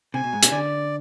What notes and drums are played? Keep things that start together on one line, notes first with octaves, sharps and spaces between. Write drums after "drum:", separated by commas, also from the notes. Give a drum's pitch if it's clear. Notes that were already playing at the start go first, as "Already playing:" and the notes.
C3 G#5
B2
G#2
B2, drum: hi-hat
D3 D5